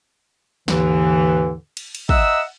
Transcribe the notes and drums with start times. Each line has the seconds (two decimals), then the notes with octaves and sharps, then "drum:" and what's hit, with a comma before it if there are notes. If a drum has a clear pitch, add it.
0.68 D#2 G#2 D3 E3, drum: snare
1.77 drum: cymbal
1.95 drum: cymbal
2.09 D#5 E5 F#5 A#5 E6, drum: kick